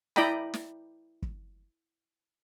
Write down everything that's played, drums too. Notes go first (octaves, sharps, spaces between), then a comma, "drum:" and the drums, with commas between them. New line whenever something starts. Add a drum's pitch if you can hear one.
E4 D5 D#5 G5 A#5 B5, drum: snare
drum: snare
drum: kick